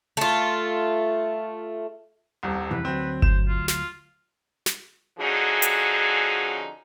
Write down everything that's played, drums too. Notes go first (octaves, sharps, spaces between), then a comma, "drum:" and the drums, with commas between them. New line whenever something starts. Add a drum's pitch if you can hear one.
A3 F4
D#1 C2
C2 F2 E3 B4
D2 F#3 C4
C5 E7, drum: kick G1
F4
F4, drum: snare
drum: snare
D3 F3 C#4 D#4 F#4 G#4
drum: hi-hat